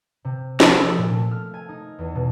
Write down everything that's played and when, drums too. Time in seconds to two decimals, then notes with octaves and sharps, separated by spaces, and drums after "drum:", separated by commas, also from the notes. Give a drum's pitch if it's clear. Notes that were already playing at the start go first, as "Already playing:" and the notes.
0.25 C3
0.60 F3, drum: snare
0.80 E6
0.98 A#2
1.13 A3
1.31 F6
1.54 G#5
1.69 D#4
1.99 E2
2.15 B2